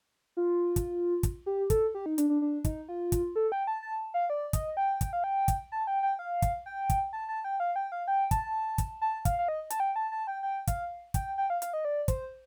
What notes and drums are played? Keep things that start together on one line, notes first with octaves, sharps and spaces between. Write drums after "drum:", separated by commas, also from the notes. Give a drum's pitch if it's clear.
F4
drum: kick, hi-hat
drum: kick, hi-hat
G4
A4, drum: kick, hi-hat
G4
D#4
D4, drum: hi-hat
D4
D4
D#4, drum: kick, hi-hat
F4
drum: kick, hi-hat
A4
G5
A5
A5
F5
D5
D#5, drum: kick, hi-hat
G5
drum: kick, hi-hat
F5
G5
drum: kick, hi-hat
A5
G5
G5
F5
drum: kick, hi-hat
G5
drum: kick, hi-hat
A5
A5
G5
F5
G5
F5
G5
A5, drum: kick, hi-hat
drum: kick, hi-hat
A5
F5, drum: kick, hi-hat
F5
D#5
A5, drum: hi-hat
G5
A5
A5
G5
G5
F5, drum: kick, hi-hat
G5, drum: kick, hi-hat
G5
F5
F5, drum: hi-hat
D#5
D5
C5, drum: kick, hi-hat